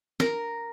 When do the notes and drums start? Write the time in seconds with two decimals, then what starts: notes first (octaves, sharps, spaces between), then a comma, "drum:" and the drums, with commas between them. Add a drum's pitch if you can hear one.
0.20 A#4, drum: snare